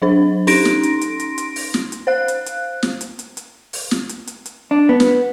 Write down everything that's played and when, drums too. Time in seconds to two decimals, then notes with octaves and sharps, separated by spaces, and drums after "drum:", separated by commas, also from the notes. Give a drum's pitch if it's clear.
0.02 F#3 D4 C5
0.47 C#4 D#4 C6 A#6 D7, drum: open hi-hat
0.65 drum: snare
0.83 drum: hi-hat
1.01 drum: hi-hat
1.20 drum: hi-hat
1.38 drum: hi-hat
1.56 drum: open hi-hat
1.74 drum: snare
1.92 drum: hi-hat
2.07 C5 F5 F#6
2.28 drum: hi-hat
2.46 drum: hi-hat
2.83 drum: snare
3.01 drum: hi-hat
3.19 drum: hi-hat
3.37 drum: hi-hat
3.73 drum: open hi-hat
3.91 drum: snare
4.09 drum: hi-hat
4.27 drum: hi-hat
4.46 drum: hi-hat
4.71 D4
4.89 B3
5.00 drum: snare